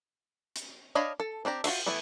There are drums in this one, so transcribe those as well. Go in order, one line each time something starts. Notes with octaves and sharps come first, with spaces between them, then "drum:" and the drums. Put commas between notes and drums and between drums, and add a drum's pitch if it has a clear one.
drum: hi-hat
D4 C#5 D#5 F5 B5
A4
C4 D4 G4 A#5
F4 F#4 C5 E5, drum: cymbal
E3 A3 B3 E4